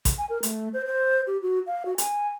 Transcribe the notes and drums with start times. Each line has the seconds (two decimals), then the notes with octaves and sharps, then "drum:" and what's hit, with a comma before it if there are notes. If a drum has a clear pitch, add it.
0.05 drum: kick A1, hi-hat
0.18 G#5
0.30 A#4
0.43 A3, drum: hi-hat
0.73 C5
0.86 C5
1.27 G4
1.42 F#4
1.67 F5
1.85 F#4
1.98 G#5, drum: hi-hat